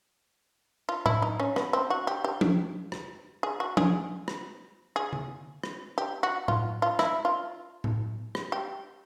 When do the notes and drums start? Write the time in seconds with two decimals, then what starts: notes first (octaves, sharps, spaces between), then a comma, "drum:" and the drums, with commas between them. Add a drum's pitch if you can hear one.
0.89 F4
1.06 E4, drum: tom A2
1.22 D#4
1.40 C#4
1.56 B3, drum: rim click
1.73 C4
1.90 F#4
2.07 G4
2.24 G4
2.41 drum: tom F3
2.92 drum: rim click
3.43 G#4
3.60 F#4
3.77 G#4, drum: tom F3
4.28 drum: rim click
4.96 G#4
5.13 drum: tom D3
5.64 drum: rim click
5.98 G4
6.23 F#4
6.48 F4, drum: tom A2
6.82 F4
6.99 E4, drum: rim click
7.25 F4
7.84 drum: tom A2
8.35 drum: rim click
8.52 G4